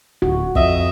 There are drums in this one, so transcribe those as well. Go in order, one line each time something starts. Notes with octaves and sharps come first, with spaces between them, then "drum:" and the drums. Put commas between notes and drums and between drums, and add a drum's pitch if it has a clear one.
D1 F#4
F2 D#5 E5, drum: kick